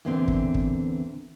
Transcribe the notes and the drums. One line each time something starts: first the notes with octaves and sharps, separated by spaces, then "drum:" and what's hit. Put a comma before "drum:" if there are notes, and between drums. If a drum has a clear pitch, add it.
E2 A#2 D3 E3 C4
drum: kick
drum: kick